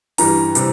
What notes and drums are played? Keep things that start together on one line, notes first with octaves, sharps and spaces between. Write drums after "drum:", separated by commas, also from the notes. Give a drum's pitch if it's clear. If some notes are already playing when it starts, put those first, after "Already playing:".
G2 E3 G3 A#5, drum: open hi-hat
C3 E3 G3, drum: hi-hat